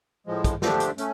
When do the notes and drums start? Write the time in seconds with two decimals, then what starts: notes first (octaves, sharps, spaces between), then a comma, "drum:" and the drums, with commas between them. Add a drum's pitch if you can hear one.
0.27 A2 F3 G#3
0.44 drum: kick, hi-hat
0.62 D3 F3 A3 D4 G4, drum: snare
0.80 drum: hi-hat
0.98 A3 C#4, drum: hi-hat